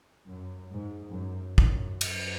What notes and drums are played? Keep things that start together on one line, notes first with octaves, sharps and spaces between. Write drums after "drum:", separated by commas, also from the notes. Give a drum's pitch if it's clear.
F#2
G#2
F#2
F#2, drum: kick
drum: cymbal